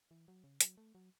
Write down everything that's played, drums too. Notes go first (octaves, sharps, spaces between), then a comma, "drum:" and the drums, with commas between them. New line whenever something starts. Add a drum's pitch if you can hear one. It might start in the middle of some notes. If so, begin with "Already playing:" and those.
E3
F#3
C#3
F#3, drum: hi-hat
A3
F#3